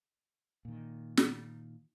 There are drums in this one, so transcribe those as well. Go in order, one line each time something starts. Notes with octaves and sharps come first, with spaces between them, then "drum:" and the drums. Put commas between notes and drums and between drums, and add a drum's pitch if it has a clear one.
A#2 D#3
drum: snare